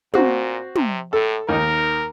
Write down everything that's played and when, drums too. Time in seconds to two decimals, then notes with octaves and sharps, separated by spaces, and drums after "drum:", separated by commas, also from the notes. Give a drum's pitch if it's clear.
0.14 A#2 C4 F#4, drum: tom
0.76 C3, drum: tom
1.13 A2 A4
1.49 D#2 D#4 A#4